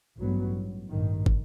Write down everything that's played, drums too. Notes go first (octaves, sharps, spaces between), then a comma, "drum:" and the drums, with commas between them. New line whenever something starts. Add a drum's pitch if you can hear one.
A1 G2 F#3 B3
A1 G2 D#3
drum: kick